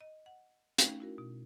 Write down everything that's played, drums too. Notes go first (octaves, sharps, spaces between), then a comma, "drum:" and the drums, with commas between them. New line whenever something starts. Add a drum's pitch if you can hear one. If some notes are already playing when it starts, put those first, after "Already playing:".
D#5
F#5
A3 C#4 D#4 F5 G5, drum: hi-hat
E4 F#4 A#4
B2